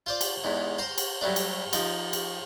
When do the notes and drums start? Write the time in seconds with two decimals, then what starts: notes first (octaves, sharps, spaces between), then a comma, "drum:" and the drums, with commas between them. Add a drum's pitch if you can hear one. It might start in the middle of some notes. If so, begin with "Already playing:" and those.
0.06 F4 C5 D5
0.21 drum: cymbal
0.44 E2 G#2
0.78 C5 A#5 C6
0.98 drum: cymbal
1.21 F#3 G3 A3 D4
1.36 drum: cymbal
1.73 F3 D#4, drum: cymbal
2.13 drum: cymbal